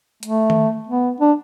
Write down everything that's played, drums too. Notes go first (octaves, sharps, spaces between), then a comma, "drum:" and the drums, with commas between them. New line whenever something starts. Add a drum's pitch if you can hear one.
A3, drum: hi-hat
drum: tom D#3
B3
D4